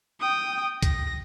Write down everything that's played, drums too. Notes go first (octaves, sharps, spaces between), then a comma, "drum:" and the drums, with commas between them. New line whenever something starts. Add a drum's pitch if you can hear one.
G5 D#6
A#6, drum: kick C2, hi-hat